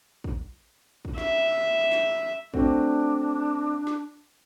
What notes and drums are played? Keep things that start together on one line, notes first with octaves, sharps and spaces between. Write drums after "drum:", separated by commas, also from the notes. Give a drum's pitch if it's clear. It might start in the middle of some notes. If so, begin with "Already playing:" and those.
drum: kick
drum: kick
E5, drum: snare
drum: snare
A3 C4 D4 F#4, drum: kick
drum: snare